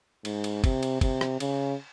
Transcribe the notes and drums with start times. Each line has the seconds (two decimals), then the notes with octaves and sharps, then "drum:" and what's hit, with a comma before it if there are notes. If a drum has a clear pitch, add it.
0.25 G#2, drum: cymbal
0.44 drum: cymbal
0.64 C3, drum: kick, cymbal
0.83 drum: cymbal
1.01 C3, drum: kick, cymbal
1.21 drum: rim click
1.40 C#3, drum: cymbal